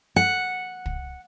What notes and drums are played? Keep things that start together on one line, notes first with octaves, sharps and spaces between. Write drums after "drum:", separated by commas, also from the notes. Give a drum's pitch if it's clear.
F#5
drum: kick